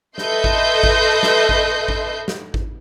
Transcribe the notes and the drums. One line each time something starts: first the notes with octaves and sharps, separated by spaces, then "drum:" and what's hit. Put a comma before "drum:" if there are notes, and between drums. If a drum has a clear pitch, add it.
A4 B4 D#5 E5 C6 G6, drum: snare
drum: kick G#1
drum: kick G#1
drum: snare
drum: kick G#1
drum: kick G#1
drum: snare
drum: kick G#1